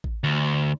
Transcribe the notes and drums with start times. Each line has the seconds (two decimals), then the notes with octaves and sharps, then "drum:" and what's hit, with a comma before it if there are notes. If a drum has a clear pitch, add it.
0.04 drum: kick A1
0.24 D2